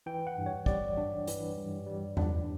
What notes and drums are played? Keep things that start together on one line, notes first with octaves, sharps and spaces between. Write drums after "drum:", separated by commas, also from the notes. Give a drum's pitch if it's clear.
E3 G5
F#5
G2
C#5
G3 D5, drum: kick
D4
E3, drum: hi-hat
G2
G3
D4, drum: tom E2